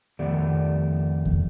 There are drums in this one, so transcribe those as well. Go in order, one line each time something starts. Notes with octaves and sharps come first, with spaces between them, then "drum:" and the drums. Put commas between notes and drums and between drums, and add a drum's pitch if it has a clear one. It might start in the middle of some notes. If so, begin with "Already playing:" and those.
F2 D#3 A3 B3 G4 D5
drum: kick E2